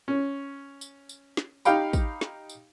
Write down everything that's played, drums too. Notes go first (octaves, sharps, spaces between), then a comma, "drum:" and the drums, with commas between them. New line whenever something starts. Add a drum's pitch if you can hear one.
C#4
drum: tambourine
drum: tambourine
drum: snare
D#4 G4 F5 G5 B5, drum: tambourine
drum: kick, tambourine
drum: snare
drum: tambourine